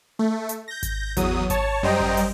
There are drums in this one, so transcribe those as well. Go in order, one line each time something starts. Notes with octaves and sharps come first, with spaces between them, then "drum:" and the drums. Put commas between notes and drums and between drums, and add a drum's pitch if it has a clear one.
A3
drum: hi-hat
G6 A#6
drum: kick G#1, hi-hat
E2 F#3 D#6, drum: kick G#1, hi-hat
C#5 A5, drum: kick G#1, hi-hat
F#2 G3 C5 D#5 G5 A#5
drum: kick G#1
drum: open hi-hat